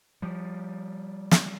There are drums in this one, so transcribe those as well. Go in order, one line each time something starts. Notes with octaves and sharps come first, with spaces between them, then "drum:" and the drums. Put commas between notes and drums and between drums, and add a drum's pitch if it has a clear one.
F3 G3
drum: snare